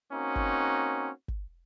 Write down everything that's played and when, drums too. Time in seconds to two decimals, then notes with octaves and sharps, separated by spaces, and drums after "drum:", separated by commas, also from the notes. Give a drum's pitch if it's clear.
0.12 A#3 C4 C#4 D#4 F#4
0.36 drum: kick
1.28 drum: kick